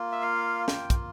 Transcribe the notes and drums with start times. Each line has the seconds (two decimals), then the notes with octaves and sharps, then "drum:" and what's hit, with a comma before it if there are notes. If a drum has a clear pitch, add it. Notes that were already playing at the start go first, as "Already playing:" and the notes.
Already playing: A#3 F4
0.12 E5
0.22 F5
0.68 G5, drum: snare
0.90 drum: kick, hi-hat